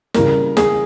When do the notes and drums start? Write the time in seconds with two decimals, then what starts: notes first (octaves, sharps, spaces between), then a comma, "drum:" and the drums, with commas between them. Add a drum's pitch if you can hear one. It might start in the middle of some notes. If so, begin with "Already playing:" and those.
0.14 C#3 E3 G3 A#3 A#4, drum: snare
0.57 G#4, drum: snare